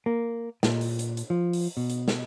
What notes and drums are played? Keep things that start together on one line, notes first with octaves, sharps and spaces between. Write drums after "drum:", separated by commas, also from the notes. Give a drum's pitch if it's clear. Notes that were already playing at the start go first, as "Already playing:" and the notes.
A#3
A#2, drum: snare
drum: open hi-hat
drum: hi-hat
drum: hi-hat
F3
drum: open hi-hat
B2
drum: hi-hat
drum: snare